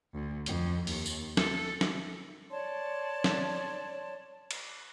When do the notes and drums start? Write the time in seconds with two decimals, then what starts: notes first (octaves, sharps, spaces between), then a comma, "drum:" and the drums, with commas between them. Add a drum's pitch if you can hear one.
0.13 D2
0.46 F2, drum: hi-hat
0.87 D#2, drum: open hi-hat
1.06 drum: tambourine
1.37 A4, drum: snare
1.81 drum: snare
2.50 C#5 D5 A5 C6
3.24 drum: snare
4.51 drum: cymbal